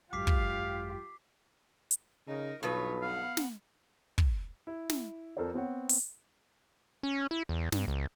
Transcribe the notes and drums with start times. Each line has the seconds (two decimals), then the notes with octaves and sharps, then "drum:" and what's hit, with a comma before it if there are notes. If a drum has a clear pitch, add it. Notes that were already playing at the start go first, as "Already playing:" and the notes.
0.13 G#1 F#2 F4 G4 F5 D6 B6 C7
0.27 drum: kick
1.91 drum: hi-hat
2.28 C#3 D#4 A#4
2.63 B1 G2 B2 F4 B4 C#5
3.02 B3 F5 F#5
3.37 drum: snare
4.18 drum: kick
4.67 E4
4.90 drum: snare
5.37 F2 A4 A#4 C5 D5
5.54 B3 C4 C#5 F#5
5.89 drum: open hi-hat
7.03 C#4
7.31 E4
7.49 E2
7.72 G2, drum: snare
7.88 C#2